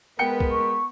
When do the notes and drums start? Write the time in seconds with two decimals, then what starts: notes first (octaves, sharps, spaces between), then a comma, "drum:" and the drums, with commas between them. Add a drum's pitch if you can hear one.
0.19 G#3 B3 A#4 B4 G5 C#7
0.40 drum: kick
0.51 C#6